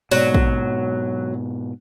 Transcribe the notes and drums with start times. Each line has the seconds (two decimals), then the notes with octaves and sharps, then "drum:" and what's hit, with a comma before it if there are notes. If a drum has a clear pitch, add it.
0.11 G#2 B2 F#3, drum: open hi-hat
0.34 drum: kick